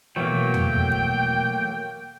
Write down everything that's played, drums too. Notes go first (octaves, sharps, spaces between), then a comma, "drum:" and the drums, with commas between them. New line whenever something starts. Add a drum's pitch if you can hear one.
B2 E3 F#3 A3 A#3 G5
drum: tom E2
drum: kick